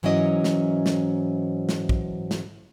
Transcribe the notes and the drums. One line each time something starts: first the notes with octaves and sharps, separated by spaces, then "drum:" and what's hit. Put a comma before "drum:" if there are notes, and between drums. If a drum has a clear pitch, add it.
G#2 E3 F#3 C#4 E4 D#5
drum: snare
drum: snare
drum: snare
drum: kick
drum: snare